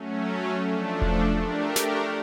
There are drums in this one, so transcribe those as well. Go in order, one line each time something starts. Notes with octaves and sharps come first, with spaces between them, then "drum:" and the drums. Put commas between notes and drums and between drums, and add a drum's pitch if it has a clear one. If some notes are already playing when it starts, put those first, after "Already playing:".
Already playing: F#3 A3 C#4
F3 A3 D4
drum: kick E1
A3 D4 G4 A#4
drum: snare